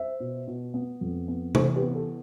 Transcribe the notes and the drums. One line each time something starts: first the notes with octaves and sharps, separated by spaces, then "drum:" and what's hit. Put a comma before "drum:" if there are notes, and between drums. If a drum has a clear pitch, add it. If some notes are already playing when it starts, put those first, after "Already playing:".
Already playing: C5 E5
B2
B2
B3
F2
B3
E3 A4 C5, drum: tom C3
G4 B4
B3
A4